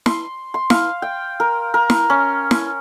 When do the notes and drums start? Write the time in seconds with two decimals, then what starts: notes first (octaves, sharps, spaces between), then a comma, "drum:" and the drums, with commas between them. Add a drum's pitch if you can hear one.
0.06 C6, drum: snare
0.54 C6
0.70 F5, drum: snare
1.02 G5
1.40 A#4
1.74 A#4
1.90 drum: snare
2.10 C#4
2.51 drum: snare